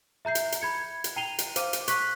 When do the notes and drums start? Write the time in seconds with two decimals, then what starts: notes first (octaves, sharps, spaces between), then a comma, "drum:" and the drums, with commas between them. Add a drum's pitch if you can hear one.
0.25 E5 A#5 G6 C7
0.35 drum: hi-hat
0.52 drum: hi-hat
0.61 B5 G#6 C#7
1.04 drum: hi-hat
1.16 G5 A#5 C7 D#7 F7 G7
1.39 drum: hi-hat
1.56 C5 F5 D6 D#7, drum: hi-hat
1.73 drum: hi-hat
1.88 C#6 F#6 B6, drum: hi-hat